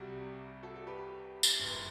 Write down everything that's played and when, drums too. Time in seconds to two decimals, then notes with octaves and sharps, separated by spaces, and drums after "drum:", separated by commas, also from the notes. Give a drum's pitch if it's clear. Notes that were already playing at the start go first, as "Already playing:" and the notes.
Already playing: C2 C3 G3 F#4
0.63 F#4 A4
0.76 A4
0.87 G4 B4
1.43 drum: tambourine
1.60 F#1 F#2 E3